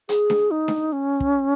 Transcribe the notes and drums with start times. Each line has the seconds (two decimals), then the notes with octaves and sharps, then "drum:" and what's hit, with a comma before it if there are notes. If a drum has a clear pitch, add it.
0.09 G#4, drum: hi-hat
0.30 drum: snare D4
0.51 D#4
0.68 drum: snare D4
0.92 C#4
1.20 drum: kick